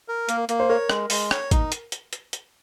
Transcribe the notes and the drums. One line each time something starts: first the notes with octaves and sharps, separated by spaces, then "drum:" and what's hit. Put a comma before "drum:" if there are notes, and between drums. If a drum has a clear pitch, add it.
A#4
A#3, drum: hi-hat
A#3, drum: hi-hat
C5
A#4 C#5
G#3, drum: rim click
G#3, drum: open hi-hat
C#5, drum: rim click
D#4, drum: kick, hi-hat
drum: hi-hat
drum: hi-hat
drum: hi-hat
drum: hi-hat